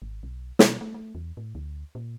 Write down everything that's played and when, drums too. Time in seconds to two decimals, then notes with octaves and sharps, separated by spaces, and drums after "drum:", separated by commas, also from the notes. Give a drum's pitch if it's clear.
0.02 G#1
0.23 B1
0.59 B2, drum: snare
0.81 A3
0.94 A3
1.15 E2
1.37 A2
1.55 D2
1.95 A#2